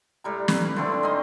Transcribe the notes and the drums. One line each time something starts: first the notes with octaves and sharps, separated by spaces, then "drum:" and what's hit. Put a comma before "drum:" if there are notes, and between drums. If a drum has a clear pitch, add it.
A2 G3 A#5
B4, drum: snare
D3 F3 A3 C4
C4 C#4 D#4 D#5